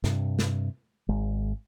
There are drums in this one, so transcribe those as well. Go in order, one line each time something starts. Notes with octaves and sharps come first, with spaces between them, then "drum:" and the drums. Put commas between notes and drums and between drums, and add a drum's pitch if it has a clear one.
G2 C3, drum: snare
drum: snare
G#1 G#3